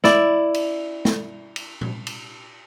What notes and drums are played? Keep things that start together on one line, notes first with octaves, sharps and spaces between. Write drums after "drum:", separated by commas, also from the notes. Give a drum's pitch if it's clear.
E4 D5, drum: snare
drum: cymbal
drum: snare
drum: cymbal
drum: tom A#2
drum: cymbal